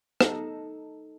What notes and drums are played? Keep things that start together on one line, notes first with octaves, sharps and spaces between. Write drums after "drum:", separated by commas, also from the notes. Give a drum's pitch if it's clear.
D#4 A4, drum: rim click